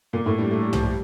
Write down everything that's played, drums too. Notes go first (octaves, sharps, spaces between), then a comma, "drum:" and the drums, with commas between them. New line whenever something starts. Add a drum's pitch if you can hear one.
A#2 A#3
A2 A3
G2 G3
A3
G3
F3, drum: tom
G3